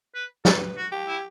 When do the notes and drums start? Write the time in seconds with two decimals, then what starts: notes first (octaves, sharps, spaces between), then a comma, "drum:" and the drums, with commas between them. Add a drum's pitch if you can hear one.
0.15 B4
0.45 A4 B4, drum: snare
0.77 F#4
0.92 G4
1.07 E4